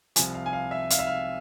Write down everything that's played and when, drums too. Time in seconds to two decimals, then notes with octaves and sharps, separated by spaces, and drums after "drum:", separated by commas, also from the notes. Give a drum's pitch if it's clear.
0.16 C2 C3 F3 G#5, drum: hi-hat
0.34 F5
0.46 G#5
0.53 F5
0.71 E5
0.90 F5, drum: hi-hat
0.99 E5
1.07 F5